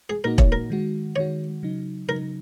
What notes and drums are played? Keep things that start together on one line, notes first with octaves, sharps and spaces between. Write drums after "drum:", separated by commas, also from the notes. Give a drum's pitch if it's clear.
G#4
A#2 A#3 D#4 F#4 A#4
C#5, drum: kick E1
A#4
D#3 G#3 F#4
D#3 G#3 F#4 C#5
C#3 F#3 D#4
C#3 F#3 D#4 A#4